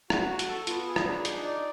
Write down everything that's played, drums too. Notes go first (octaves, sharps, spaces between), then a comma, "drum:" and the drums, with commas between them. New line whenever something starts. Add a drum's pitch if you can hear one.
F#4, drum: rim click
F#4
drum: hi-hat
A4
B3 F4, drum: hi-hat
G#4
drum: rim click
D4
D#4, drum: hi-hat
D5